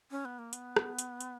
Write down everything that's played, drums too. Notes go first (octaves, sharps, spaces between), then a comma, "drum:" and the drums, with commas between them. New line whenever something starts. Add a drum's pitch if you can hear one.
C#4
B3
A#3
B3, drum: hi-hat
drum: rim click
drum: hi-hat
drum: hi-hat